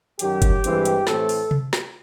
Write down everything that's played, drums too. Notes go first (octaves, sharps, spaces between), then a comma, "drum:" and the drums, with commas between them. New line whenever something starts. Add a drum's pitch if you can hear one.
F#2 D#3 F#3 G4, drum: hi-hat
drum: kick F#1, hi-hat
G2 E3 G#3 C4, drum: hi-hat
drum: hi-hat
A2 E3 A3 C4 A4, drum: snare
drum: open hi-hat
drum: tom C3
drum: snare